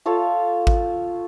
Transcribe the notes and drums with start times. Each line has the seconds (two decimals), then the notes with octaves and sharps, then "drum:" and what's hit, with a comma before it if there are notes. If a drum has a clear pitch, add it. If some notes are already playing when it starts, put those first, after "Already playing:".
0.06 F4 A4 C#5 A5
0.67 drum: kick G#1